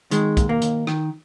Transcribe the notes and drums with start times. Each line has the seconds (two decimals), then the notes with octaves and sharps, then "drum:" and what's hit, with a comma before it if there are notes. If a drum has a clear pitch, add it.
0.11 D#3 G#3, drum: hi-hat
0.37 D#2, drum: kick, hi-hat
0.49 A#3
0.62 D#2, drum: hi-hat
0.87 D#3, drum: rim click